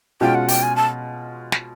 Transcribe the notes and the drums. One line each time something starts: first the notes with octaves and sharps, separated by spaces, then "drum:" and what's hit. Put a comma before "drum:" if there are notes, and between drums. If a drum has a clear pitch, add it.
B2 G#3 C#4 F4 G5
F#5
G5, drum: open hi-hat
G#5
A5
drum: snare